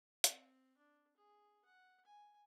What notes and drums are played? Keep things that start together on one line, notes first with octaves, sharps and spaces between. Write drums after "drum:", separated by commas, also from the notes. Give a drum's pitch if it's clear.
C4, drum: hi-hat
D4
G#4
F#5
G#5